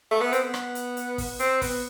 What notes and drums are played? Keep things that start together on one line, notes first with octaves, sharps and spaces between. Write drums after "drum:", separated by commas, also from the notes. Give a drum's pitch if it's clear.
A3
B3
C4, drum: hi-hat
B3
drum: rim click
drum: hi-hat
drum: hi-hat
drum: kick, open hi-hat
C4, drum: hi-hat
B3, drum: kick, open hi-hat